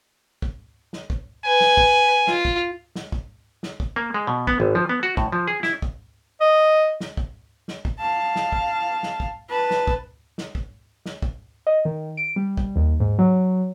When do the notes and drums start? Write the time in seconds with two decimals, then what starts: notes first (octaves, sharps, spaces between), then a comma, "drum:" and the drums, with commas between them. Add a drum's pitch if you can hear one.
0.42 drum: kick
0.93 drum: snare
1.10 drum: kick
1.45 B4 G#5
1.60 drum: snare
1.77 drum: kick
2.27 F4, drum: snare
2.45 drum: kick
2.96 drum: snare
3.12 drum: kick
3.63 drum: snare
3.80 drum: kick
3.96 A#3
4.14 G#3
4.27 B2
4.47 B3, drum: kick
4.60 G#1
4.75 F3
4.89 B3
5.03 F#4
5.17 A2, drum: kick
5.32 F3
5.48 G#4
5.63 E4, drum: snare
5.82 drum: kick
6.41 D#5
7.01 drum: snare
7.17 drum: kick
7.68 drum: snare
7.85 drum: kick
8.00 F5 A5
8.36 drum: snare
8.52 drum: kick
9.03 drum: snare
9.20 drum: kick
9.50 B4 A5
9.71 drum: snare
9.87 drum: kick
10.38 drum: snare
10.55 drum: kick
11.06 drum: snare
11.22 drum: kick
11.67 D#5
11.85 D#3
12.17 D7
12.36 G3
12.57 drum: kick
12.76 D#2
13.00 G#2
13.19 F#3